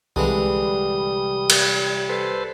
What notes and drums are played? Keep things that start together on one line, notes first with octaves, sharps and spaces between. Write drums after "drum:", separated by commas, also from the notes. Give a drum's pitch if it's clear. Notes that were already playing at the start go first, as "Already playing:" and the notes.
C2 D3 E3 G3 G#3 D#6
drum: cymbal
A4 B4 C5